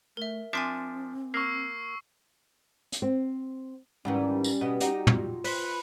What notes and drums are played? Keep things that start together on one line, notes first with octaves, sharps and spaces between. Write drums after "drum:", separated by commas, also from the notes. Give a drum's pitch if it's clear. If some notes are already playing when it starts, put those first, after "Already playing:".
A3 A#4 E5
F3 C4 D4 E5 G#5 C6 D6
A#3 C#6 E6 C7
drum: hi-hat
C4
G#2 D#3 E3 G3 C#4
drum: tambourine
B2 B3 D#5
D#4 F#4 G4, drum: hi-hat
F4, drum: tom
B4 C5, drum: open hi-hat